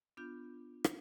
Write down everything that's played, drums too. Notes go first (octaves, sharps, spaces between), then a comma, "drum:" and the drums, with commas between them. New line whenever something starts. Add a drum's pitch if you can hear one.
B3 D4 F4 G6
drum: rim click